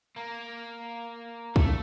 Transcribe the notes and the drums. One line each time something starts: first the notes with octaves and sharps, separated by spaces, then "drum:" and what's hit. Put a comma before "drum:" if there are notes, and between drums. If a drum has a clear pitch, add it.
A#3
A3, drum: kick